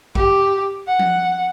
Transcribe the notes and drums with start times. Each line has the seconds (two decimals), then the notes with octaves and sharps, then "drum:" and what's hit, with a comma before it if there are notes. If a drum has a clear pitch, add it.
0.15 G4, drum: kick A1
0.87 F#5
0.99 drum: tom F3